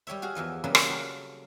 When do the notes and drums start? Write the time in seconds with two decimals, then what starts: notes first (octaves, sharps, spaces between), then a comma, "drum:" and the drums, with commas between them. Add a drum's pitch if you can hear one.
0.07 G3 G4 C#5 E5
0.22 F#4 G#4 F5
0.35 E2 E3 F3 D#5
0.64 C#3 E3 F#3 G3 A#3 C#4
0.75 drum: rim click
0.89 F#4 A4 A#4